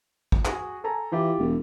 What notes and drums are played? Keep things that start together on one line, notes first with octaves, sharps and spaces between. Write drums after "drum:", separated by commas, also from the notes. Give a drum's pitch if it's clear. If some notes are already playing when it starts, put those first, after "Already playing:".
drum: kick
F#4 G#4, drum: clap
A4 G#5 A#5
E3 F4 G4
E1